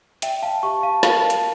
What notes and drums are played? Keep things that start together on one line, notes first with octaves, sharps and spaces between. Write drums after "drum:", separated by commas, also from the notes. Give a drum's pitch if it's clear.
D5 E5 G5, drum: hi-hat
F5 A5
G4 A5 C#6
F5 A5
A#4 F5 A5, drum: snare
drum: hi-hat